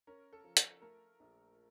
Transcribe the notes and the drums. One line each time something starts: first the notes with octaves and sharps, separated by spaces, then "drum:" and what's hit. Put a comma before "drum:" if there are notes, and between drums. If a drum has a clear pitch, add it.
C#4 A#4
A4
F3
A4, drum: hi-hat
A3 A#4
A#1